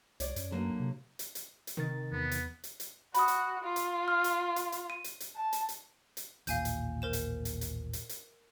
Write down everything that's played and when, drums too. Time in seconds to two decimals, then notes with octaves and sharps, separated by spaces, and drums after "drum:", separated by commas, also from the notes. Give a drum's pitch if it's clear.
0.20 C2 C#5 D5, drum: hi-hat
0.36 F#2, drum: hi-hat
0.51 D3 F#3 A#3
0.80 C3
1.19 drum: hi-hat
1.35 drum: hi-hat
1.67 drum: hi-hat
1.77 C3 D#3 A#4 A6
2.12 E2 B3 B5
2.31 drum: hi-hat
2.64 drum: hi-hat
2.80 drum: hi-hat
3.14 F#4 B5 D#6, drum: hi-hat
3.28 drum: hi-hat
3.64 F4
3.76 drum: hi-hat
4.08 F6
4.24 drum: hi-hat
4.56 drum: hi-hat
4.72 drum: hi-hat
4.90 D#7
5.04 drum: hi-hat
5.20 drum: hi-hat
5.36 A5
5.53 drum: hi-hat
5.69 drum: hi-hat
6.17 drum: hi-hat
6.47 A1 D#2 A#2 F5 G#5 G6, drum: hi-hat
6.65 drum: hi-hat
7.02 A#4 C5 E7
7.13 drum: hi-hat
7.45 drum: hi-hat
7.61 drum: hi-hat
7.93 drum: hi-hat
8.09 drum: hi-hat